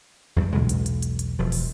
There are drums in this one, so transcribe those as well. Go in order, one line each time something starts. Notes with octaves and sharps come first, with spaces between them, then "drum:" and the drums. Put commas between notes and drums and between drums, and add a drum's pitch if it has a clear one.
E2 G2 F#3 G3
B1 E2 D3 G#3, drum: tom
drum: hi-hat
drum: hi-hat
drum: hi-hat
drum: hi-hat
E1 F3
drum: open hi-hat